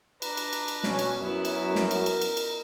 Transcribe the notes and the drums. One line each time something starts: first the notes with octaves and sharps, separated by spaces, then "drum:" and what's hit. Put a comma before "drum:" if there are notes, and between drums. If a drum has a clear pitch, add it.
D4 B4 A#5, drum: cymbal
drum: cymbal
drum: cymbal
drum: cymbal
B2 B3 C#4, drum: snare
drum: cymbal
F#2 B3 E4
drum: cymbal
A#4
drum: snare
drum: cymbal
drum: cymbal
drum: cymbal
drum: cymbal